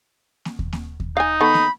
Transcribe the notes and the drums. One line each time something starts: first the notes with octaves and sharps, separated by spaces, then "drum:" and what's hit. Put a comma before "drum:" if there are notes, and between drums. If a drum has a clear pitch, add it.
drum: snare A#3
drum: kick D#2
drum: snare A#3
drum: kick D#2
D#4 F5 G#5
D#3 B3 A4 B5
drum: snare A#3